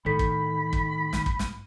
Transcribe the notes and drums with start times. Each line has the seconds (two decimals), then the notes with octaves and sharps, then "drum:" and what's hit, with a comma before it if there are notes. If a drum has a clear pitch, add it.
0.06 A2 D#3 A4 B5 B6
0.19 drum: kick
0.73 drum: kick
1.13 drum: snare
1.26 drum: kick
1.39 drum: snare